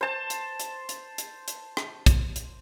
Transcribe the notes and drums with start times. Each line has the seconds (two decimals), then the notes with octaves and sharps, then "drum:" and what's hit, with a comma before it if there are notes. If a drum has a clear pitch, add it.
0.01 C5 A5
0.30 drum: hi-hat
0.60 drum: hi-hat
0.89 drum: hi-hat
1.18 drum: hi-hat
1.48 drum: hi-hat
1.77 drum: rim click
2.06 drum: kick, hi-hat
2.36 drum: hi-hat